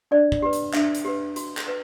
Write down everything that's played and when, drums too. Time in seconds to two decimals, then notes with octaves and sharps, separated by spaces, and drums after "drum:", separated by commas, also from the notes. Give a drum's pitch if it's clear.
0.11 D4 D5
0.32 drum: kick
0.42 G4 B4
0.53 drum: hi-hat
0.73 D4 E5, drum: clap
0.95 drum: hi-hat
1.05 G4 B4
1.36 F#4, drum: hi-hat
1.57 drum: clap
1.68 B4